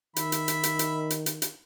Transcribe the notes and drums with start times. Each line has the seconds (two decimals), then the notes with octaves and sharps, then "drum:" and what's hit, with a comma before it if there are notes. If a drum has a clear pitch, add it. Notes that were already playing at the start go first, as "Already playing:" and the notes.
0.16 D#3 E5 B5, drum: hi-hat
0.32 drum: hi-hat
0.48 drum: hi-hat
0.63 drum: hi-hat
0.79 drum: hi-hat
1.10 drum: hi-hat
1.26 drum: hi-hat
1.42 drum: hi-hat